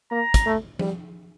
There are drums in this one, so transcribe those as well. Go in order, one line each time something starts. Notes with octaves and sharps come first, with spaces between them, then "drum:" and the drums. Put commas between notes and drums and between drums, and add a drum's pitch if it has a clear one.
A#3 A#5
drum: kick, hi-hat
A3
G3, drum: tom F3